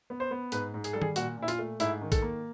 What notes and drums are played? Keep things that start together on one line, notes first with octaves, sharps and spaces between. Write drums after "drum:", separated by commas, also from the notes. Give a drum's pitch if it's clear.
B3
C5
B3
G#2 B4, drum: hi-hat
G#2
G#4, drum: hi-hat
G3 A4
G#4, drum: tom D#3
A#2 F#4, drum: hi-hat
A#2
E4
F4, drum: hi-hat
A3
G#2 E4, drum: hi-hat
D#3
A4, drum: kick, hi-hat
A#3